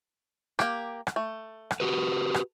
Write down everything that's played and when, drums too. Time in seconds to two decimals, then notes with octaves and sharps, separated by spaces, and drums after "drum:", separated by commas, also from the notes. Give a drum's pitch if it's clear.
0.59 A#3 G4, drum: rim click
1.07 drum: rim click
1.16 A3
1.71 drum: rim click
1.80 F#4 G4 B4
2.34 drum: rim click